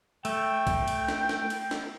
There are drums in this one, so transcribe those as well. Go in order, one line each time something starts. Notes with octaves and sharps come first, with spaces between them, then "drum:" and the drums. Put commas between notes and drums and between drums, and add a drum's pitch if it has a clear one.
A3 G5, drum: cymbal
drum: kick B1, cymbal
drum: cymbal
drum: snare
drum: snare
drum: cymbal
drum: snare